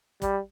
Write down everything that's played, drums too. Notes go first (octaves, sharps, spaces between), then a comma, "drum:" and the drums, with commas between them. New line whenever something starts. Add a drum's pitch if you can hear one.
G3, drum: kick, hi-hat